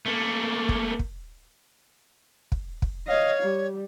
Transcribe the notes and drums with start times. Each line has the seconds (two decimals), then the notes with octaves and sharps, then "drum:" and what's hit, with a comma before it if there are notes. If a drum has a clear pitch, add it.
0.06 A3 A#3
0.69 drum: kick
0.99 drum: kick
2.52 drum: kick
2.82 drum: kick
3.08 C#5 D#5 F5
3.43 G3